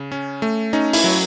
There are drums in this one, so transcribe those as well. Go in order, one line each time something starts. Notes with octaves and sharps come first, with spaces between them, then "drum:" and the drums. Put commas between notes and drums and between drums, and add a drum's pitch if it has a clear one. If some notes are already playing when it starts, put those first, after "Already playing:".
Already playing: C#3
C#4
A3
C#4 D#4
E4, drum: open hi-hat
F#3